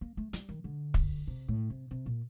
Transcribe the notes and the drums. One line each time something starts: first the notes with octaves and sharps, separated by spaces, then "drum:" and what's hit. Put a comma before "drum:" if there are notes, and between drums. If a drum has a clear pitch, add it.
A#3
A3
G3, drum: hi-hat
D#3
D3
drum: kick
C3
A2
C3
C3
A#2